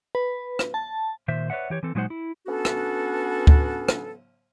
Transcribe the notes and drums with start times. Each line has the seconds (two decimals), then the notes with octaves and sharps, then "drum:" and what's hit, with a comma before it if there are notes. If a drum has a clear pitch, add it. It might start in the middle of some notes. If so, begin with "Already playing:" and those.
0.15 B4
0.59 drum: rim click
0.74 A5
1.28 A#2 D#3 C5 E5
1.50 B4 C#5 D5 E5 F#5
1.70 E3 G4 C#5
1.83 E3 C4 A4
1.95 A#2 F#3 G#3 D#4 C5 F#5
2.10 E4
2.47 B3 C#4 D4 F#4 A4
2.65 drum: rim click
3.47 drum: kick
3.88 drum: rim click